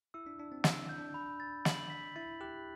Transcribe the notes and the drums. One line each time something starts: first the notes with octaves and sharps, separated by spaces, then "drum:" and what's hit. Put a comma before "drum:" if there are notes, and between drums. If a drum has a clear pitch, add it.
E4 E6
D4
D4 E6
C4
E6, drum: snare
G6
D4
B5
A6
F#7, drum: snare
B6
E4 A6
G4 F#6